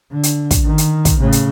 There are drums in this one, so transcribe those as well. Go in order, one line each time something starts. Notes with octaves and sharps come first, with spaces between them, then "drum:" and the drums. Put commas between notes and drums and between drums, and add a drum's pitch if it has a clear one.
D3
drum: hi-hat
drum: kick, hi-hat
D#3
drum: hi-hat
drum: kick, hi-hat
A2 C#3
drum: hi-hat